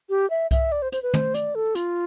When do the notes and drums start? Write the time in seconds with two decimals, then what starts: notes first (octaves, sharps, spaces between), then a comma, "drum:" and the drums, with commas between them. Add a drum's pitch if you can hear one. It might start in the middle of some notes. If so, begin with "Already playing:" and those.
0.10 G4
0.30 E5
0.51 E5, drum: kick C2, hi-hat
0.72 D5
0.82 C5
0.92 C5, drum: hi-hat
1.03 B4
1.14 C5, drum: tom
1.34 D5, drum: hi-hat
1.55 A4
1.75 F4, drum: hi-hat